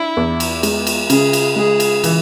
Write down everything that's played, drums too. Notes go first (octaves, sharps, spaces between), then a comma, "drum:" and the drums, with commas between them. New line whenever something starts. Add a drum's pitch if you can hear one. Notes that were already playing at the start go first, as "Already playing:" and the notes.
Already playing: D4 E4
E2
drum: cymbal
G#3, drum: cymbal
drum: cymbal
C#3 G#4, drum: cymbal
drum: cymbal
G#3 G#4
drum: cymbal
E3, drum: cymbal